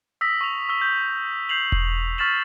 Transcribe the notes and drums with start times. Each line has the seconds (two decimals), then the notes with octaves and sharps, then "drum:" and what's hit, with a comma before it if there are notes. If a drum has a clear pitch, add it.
0.21 D#6 E6 A#6 B6
0.41 C#6 F7
0.69 C#6 E6 G7
0.81 G6
1.49 G6 C7 F7 F#7
1.72 drum: kick E1
2.18 C#6 F6 A6 B6 E7 F#7